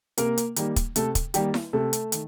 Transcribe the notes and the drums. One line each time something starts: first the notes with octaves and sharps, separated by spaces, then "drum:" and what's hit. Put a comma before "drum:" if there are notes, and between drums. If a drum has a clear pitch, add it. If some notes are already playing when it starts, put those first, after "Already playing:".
C3 A#3 A#4, drum: hi-hat
drum: hi-hat
D#3 G3 A#3, drum: hi-hat
drum: kick, hi-hat
C3 A3 A4, drum: hi-hat
drum: kick, hi-hat
D#3 G3 A#3 G4, drum: hi-hat
drum: snare E4
C3 A3 A4
drum: hi-hat
D#3, drum: hi-hat